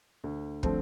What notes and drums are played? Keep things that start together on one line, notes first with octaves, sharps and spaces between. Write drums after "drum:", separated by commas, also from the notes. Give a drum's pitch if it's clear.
D2
D3 F3 A3 C4, drum: kick